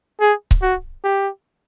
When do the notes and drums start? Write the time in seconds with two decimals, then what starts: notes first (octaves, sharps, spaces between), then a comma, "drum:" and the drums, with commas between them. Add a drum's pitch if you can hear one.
0.21 G#4
0.51 drum: kick C#1
0.62 F#4
1.04 G4